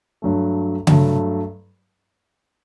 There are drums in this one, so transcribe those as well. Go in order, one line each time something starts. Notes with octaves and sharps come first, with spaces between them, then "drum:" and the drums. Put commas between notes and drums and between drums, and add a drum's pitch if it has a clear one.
G2 F#3 A3
G2 F#3 A3, drum: tom C#3